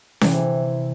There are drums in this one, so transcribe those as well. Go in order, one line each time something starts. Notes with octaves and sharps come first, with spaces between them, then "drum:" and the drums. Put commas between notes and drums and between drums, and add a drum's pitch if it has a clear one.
C3 E3, drum: snare C#4